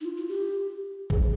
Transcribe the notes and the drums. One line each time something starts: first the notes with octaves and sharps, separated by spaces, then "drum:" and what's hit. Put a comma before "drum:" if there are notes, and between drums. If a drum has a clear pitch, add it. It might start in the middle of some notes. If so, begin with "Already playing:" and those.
D#4
F4
F4
G4
G#4, drum: kick A1